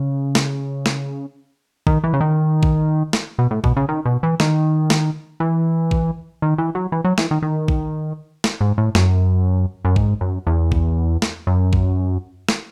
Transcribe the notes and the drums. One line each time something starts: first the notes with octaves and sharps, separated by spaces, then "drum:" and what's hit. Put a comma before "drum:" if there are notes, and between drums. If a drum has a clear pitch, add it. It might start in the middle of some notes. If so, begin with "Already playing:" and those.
Already playing: C#3
drum: snare
drum: snare
D#3, drum: kick A1
E3
C#3
D#3
drum: kick A1
drum: snare
B2
A2
B2, drum: kick A1
C#3
D#3
B2
E3
D#3, drum: snare
drum: snare
E3
drum: kick A1
D#3
E3
F#3
E3
F#3
E3, drum: snare
D#3
D#3
drum: kick A1
drum: snare
G#2
A2
F#2, drum: snare
F#2
G#2, drum: kick A1
F#2
E2
drum: kick A1
drum: snare
F#2
drum: kick A1
drum: snare